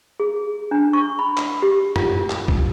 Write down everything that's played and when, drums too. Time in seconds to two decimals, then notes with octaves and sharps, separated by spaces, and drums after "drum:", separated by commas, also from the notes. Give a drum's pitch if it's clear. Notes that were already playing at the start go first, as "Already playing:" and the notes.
0.20 G#4
0.71 D4
0.93 C#6
1.19 B5
1.37 drum: clap
1.62 G4
1.96 F4, drum: tom
2.30 drum: clap
2.48 drum: kick B1